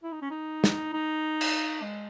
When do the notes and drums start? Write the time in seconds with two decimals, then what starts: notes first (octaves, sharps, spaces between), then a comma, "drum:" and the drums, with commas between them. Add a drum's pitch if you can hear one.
0.03 E4
0.12 D#4
0.22 C#4
0.31 D#4
0.64 drum: snare
0.93 D#4
1.41 drum: cymbal
1.82 G#3